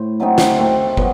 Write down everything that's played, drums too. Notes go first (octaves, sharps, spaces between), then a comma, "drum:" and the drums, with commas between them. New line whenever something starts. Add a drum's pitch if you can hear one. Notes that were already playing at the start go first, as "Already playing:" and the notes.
Already playing: A2 C5
F#3 A3 C4 D#4
drum: snare
D#3 A3 C4
F#3 B3, drum: kick